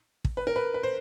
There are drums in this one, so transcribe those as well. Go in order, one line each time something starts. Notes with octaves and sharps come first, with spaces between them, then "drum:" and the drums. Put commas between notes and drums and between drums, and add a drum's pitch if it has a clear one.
drum: kick
B4
A#4
B4
B4
C5